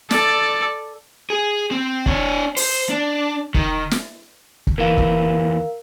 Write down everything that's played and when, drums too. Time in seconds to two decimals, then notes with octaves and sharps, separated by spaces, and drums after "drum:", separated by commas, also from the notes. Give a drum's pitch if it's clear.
0.11 A4 D5, drum: snare
1.30 G#4
1.71 C4
2.06 D4 C#5, drum: kick
2.57 C5, drum: open hi-hat
2.90 D4
3.54 D#3, drum: kick
3.91 drum: snare
4.67 drum: kick
4.78 D#2 E3 A#4 F5
4.97 drum: kick